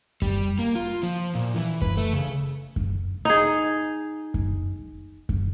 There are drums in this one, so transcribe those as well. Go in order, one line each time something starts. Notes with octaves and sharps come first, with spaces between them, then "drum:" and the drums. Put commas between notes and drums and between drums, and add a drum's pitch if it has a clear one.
G3, drum: kick F#2
A#3
F4
F3
A#2
E3
B4, drum: kick F#2
A3
C#3
drum: kick F#2
D#4 G#4
drum: kick F#2
drum: kick F#2